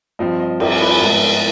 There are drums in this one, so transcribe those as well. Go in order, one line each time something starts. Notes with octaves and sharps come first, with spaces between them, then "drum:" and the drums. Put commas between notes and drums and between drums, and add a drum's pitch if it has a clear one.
G2 F3 C4 D#5
D#5
G2 F3 C4 G4 G5, drum: cymbal
G#4 G#5
B4 B5
G#4 G#5
G#2 F3 B3 G#4 G#5